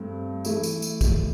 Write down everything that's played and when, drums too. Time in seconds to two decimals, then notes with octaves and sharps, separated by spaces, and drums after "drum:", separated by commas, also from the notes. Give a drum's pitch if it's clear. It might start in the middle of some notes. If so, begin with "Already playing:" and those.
Already playing: G2 A3 C4
0.45 E3 A3 E4, drum: tambourine
0.63 drum: tambourine
0.82 drum: tambourine
1.01 drum: kick, tambourine